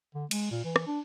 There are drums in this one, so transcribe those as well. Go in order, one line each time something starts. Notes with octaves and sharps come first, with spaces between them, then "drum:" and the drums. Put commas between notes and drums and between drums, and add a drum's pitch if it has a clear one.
D3
G#3, drum: cymbal
A#2
E3
drum: rim click
D4